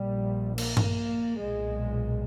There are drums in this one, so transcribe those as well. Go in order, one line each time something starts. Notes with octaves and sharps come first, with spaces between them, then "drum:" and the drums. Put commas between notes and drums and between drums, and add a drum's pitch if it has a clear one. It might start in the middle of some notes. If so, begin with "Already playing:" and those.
Already playing: A#1 A#2 G3
A#3, drum: cymbal
drum: tom G2
B1 A#2 G#3